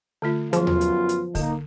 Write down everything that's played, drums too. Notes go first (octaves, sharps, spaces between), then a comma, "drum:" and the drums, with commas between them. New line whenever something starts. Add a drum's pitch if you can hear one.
D3 A3 F4
F#2 F3 F#3 B3 F4 G#4, drum: hi-hat
drum: tom D#2
drum: hi-hat
drum: hi-hat
D3 A#3 D#4, drum: kick, open hi-hat